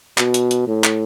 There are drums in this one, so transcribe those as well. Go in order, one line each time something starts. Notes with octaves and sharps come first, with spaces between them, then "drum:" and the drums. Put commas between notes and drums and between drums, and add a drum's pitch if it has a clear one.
B2, drum: clap
drum: hi-hat
drum: hi-hat
A2
drum: clap